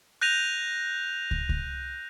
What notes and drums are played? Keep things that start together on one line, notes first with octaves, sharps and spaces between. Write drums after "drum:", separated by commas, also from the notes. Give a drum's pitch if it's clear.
F#6 G6 A#6 D#7 F7
drum: kick
drum: kick